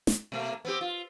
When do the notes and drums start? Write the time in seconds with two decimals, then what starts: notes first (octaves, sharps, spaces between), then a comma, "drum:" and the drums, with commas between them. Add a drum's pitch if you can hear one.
0.07 drum: snare
0.32 B2 A3 A#3
0.65 B3 C4 G4
0.81 F4